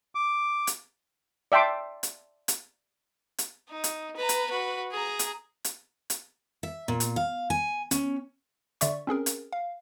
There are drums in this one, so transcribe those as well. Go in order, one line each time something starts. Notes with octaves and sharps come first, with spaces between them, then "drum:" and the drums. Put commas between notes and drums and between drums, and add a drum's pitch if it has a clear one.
D6
drum: hi-hat
D5 E5 G5 A5 C6 D6
drum: hi-hat
drum: hi-hat
drum: hi-hat
D#4
drum: hi-hat
B4 A#5
drum: hi-hat
F#4 B4
G#4 A#5
drum: hi-hat
drum: hi-hat
drum: hi-hat
E5
A#2
drum: hi-hat
F5
G#5
C#4, drum: hi-hat
D3 D5 E5 C#6, drum: hi-hat
C4 C#4 G#4 A#4
drum: hi-hat
F5